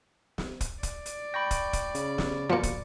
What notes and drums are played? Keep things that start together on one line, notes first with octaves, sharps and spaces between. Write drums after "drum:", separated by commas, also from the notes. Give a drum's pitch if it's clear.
drum: snare
drum: kick, hi-hat
D5, drum: kick, hi-hat
drum: hi-hat
G5 B5 C#6 A#6
drum: kick, hi-hat
drum: kick, hi-hat
C#3, drum: hi-hat
drum: snare
G1 B2 F3 A#3 C#7
drum: kick, hi-hat